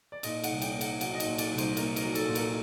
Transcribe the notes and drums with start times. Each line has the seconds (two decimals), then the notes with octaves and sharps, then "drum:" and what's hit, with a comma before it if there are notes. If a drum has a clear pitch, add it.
0.12 D5
0.23 A#2 D#5, drum: cymbal
0.44 F#5, drum: cymbal
0.49 C2
0.62 G5, drum: cymbal
0.75 A#3
0.81 F#5, drum: cymbal
1.01 F#3 F#5, drum: cymbal
1.15 D#5
1.20 F#5, drum: cymbal
1.26 A#2
1.38 D5, drum: cymbal
1.52 C2
1.58 C5, drum: cymbal
1.77 A#3 A#4, drum: cymbal
1.96 A#4, drum: cymbal
2.03 F#3
2.15 A4, drum: cymbal
2.28 A#2
2.35 A#4, drum: cymbal